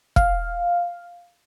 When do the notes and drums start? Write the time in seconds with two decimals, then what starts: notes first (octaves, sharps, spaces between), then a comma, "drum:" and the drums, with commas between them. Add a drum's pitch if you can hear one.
0.16 F5, drum: kick